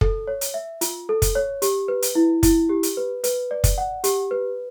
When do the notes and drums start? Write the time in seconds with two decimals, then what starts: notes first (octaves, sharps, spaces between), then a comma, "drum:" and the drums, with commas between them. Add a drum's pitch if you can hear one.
0.01 A4, drum: kick
0.28 C#5
0.41 drum: hi-hat
0.54 E5
0.81 F4, drum: hi-hat
1.09 A4
1.22 drum: kick, hi-hat
1.35 C#5
1.62 G4, drum: hi-hat
1.88 B4
2.02 drum: hi-hat
2.15 E4
2.43 E4, drum: kick, hi-hat
2.69 G4
2.83 drum: hi-hat
2.97 B4
3.24 B4, drum: hi-hat
3.51 D5
3.64 drum: kick, hi-hat
3.78 F#5
4.04 G4, drum: hi-hat
4.31 B4